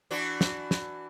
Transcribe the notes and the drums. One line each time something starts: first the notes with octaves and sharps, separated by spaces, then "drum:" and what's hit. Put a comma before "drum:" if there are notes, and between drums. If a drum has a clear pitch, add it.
E3 D4 F#4
drum: snare
drum: snare